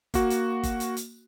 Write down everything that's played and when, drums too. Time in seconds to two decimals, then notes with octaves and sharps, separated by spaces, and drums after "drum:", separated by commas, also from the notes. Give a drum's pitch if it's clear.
0.14 A#3 F#4, drum: kick G1, hi-hat
0.30 drum: hi-hat
0.63 drum: kick G1, hi-hat
0.80 drum: hi-hat
0.97 drum: hi-hat